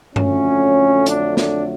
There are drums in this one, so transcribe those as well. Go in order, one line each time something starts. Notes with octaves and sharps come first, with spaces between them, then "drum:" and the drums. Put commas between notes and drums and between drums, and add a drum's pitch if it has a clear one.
F2 D3 F#3 A3 C#4, drum: tom G2
D4, drum: hi-hat
D4, drum: snare